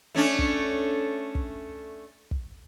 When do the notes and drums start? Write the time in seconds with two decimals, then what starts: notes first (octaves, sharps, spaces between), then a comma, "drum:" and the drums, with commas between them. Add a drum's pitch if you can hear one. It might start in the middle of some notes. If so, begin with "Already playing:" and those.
0.15 A3 C#4 D4
0.39 drum: kick
1.35 drum: kick
2.31 drum: kick